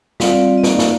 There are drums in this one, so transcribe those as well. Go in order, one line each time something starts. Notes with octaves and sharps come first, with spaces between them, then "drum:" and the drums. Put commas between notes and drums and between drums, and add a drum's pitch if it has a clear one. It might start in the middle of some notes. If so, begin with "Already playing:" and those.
G3 C4 F4 D5 F5, drum: snare
D#5
A#3 D#4 D5 F5, drum: snare
drum: snare